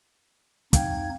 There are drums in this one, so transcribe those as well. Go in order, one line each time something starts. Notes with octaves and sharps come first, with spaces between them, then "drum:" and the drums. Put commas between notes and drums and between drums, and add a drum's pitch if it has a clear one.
F2 D#4 F5 G5 G#6, drum: kick, hi-hat